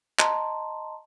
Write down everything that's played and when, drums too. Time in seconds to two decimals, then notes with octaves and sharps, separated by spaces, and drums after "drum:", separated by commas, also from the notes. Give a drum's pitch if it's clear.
0.19 D#5 A5 A#5 C6, drum: clap